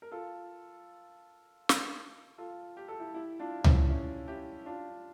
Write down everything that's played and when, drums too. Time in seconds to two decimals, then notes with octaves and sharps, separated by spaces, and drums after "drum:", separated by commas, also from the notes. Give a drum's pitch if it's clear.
0.02 A#4
0.12 F4 A4
1.69 drum: snare
2.38 F4 A4
2.77 G4
2.88 A4
3.00 E4 G4
3.14 E4 G4
3.39 D4 F4
3.64 C#4 E4, drum: tom C#2
3.90 C#4 E4
4.28 E4 G4
4.66 D4 F4